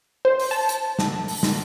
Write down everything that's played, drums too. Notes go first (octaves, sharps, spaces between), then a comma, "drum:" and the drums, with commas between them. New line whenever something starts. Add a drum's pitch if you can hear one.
C5
drum: open hi-hat
A5
drum: hi-hat
drum: snare
drum: open hi-hat
drum: snare